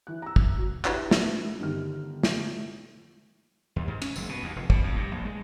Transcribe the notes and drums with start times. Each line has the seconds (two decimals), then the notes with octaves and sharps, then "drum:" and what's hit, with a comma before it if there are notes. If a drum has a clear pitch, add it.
0.07 E3 F#6
0.22 A#5 E6
0.36 drum: kick
0.58 F#4
0.85 D4 E4 F#4 G4 B4, drum: clap
1.11 drum: snare
1.59 G1 D3 D#3 G4 F6
2.23 drum: snare
3.76 D#2
3.88 G#2
4.02 C#4, drum: cymbal
4.16 F#1, drum: tambourine
4.29 B2
4.43 D#2
4.56 F1
4.70 B2, drum: kick
4.83 F2
4.95 G2
5.11 A#1
5.25 G#3